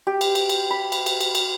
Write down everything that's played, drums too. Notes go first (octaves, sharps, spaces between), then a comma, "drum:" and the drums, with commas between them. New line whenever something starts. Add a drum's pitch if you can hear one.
G4
drum: cymbal
drum: cymbal
drum: cymbal
B5
drum: cymbal
drum: cymbal
drum: cymbal
drum: cymbal